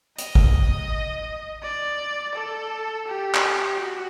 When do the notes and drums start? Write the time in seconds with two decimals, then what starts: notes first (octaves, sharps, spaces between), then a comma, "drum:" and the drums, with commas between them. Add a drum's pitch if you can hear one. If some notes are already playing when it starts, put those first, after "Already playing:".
0.18 D#5, drum: hi-hat
0.35 drum: kick
1.63 D5
2.35 A4
3.07 G4
3.35 drum: clap
3.79 F#4